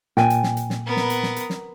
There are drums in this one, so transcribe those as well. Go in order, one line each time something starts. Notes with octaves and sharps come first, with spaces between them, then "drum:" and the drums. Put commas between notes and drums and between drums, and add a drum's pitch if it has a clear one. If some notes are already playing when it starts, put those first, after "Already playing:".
A#2 G5 G#5, drum: snare
drum: hi-hat
drum: snare
drum: hi-hat
drum: snare
B3 A#4
drum: snare
drum: hi-hat
drum: snare
drum: hi-hat
drum: snare